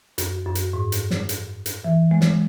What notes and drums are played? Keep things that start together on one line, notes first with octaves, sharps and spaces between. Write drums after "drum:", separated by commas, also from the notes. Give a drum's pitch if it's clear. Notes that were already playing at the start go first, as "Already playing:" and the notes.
F#2, drum: hi-hat
F#2
drum: hi-hat
G#2
drum: hi-hat
drum: snare
drum: hi-hat
drum: hi-hat
E3
G#3
drum: snare